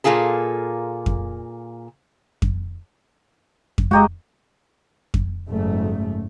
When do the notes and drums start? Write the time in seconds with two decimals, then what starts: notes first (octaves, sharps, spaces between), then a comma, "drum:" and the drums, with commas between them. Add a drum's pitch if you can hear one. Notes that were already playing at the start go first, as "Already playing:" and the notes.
0.04 A#2 A#3 F4 G#4 A4
1.06 drum: kick F2
2.42 drum: kick F2
3.78 drum: kick F2
3.91 G#3 F#4 G4 D#5 F5 A#5
5.14 drum: kick F2
5.48 F#1 G#2 A3